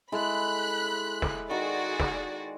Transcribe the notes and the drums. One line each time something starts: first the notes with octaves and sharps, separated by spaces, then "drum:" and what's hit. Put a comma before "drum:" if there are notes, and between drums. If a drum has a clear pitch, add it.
G#3 E4 A4 B5 F#6
drum: snare
D#3 F#4 G#4 D5
drum: snare